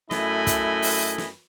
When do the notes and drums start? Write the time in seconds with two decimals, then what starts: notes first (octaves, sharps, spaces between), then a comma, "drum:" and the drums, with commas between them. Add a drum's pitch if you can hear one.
0.11 F#2 A3 E4 D#5 G#5 B5, drum: snare
0.47 drum: kick, hi-hat
0.82 drum: open hi-hat
1.18 drum: snare